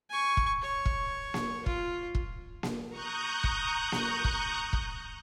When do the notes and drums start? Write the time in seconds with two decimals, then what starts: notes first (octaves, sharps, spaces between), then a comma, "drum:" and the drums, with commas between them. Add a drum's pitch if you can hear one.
0.10 G#5 C#6
0.37 drum: kick
0.62 C#5
0.86 drum: kick
1.34 drum: snare A#3
1.66 F4, drum: kick
2.15 drum: kick
2.63 drum: snare A#3
2.89 A#5 C#6 D#6 F#6 G6
3.44 drum: kick
3.92 drum: snare A#3
4.24 drum: kick
4.73 drum: kick